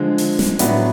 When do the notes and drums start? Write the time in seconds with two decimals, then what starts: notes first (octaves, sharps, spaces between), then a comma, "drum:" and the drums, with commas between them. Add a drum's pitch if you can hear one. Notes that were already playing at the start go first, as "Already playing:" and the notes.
Already playing: D3 F3 G#3
0.18 drum: open hi-hat
0.39 drum: snare
0.59 A2 F#3 B3 D4, drum: hi-hat